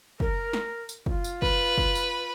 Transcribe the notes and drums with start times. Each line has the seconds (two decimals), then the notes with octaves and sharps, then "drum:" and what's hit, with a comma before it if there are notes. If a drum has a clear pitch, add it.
0.20 A#4, drum: kick
0.53 drum: snare
0.89 drum: tambourine
1.06 F4, drum: kick
1.24 drum: tambourine
1.42 B4, drum: kick
1.78 drum: kick
1.95 drum: tambourine